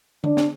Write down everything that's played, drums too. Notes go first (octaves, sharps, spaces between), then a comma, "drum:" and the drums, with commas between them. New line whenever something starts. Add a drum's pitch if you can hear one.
D4, drum: tom D3
drum: snare